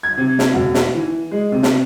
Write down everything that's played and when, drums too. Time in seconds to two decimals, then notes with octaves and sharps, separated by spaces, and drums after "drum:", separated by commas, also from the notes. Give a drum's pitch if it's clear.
0.03 G#6
0.18 C3
0.39 drum: snare
0.54 E1
0.74 drum: snare
0.95 E3
1.31 G#3
1.52 C3
1.63 drum: snare